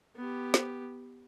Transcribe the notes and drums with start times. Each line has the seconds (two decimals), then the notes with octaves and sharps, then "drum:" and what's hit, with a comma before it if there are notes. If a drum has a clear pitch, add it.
0.16 B3 G4
0.54 drum: snare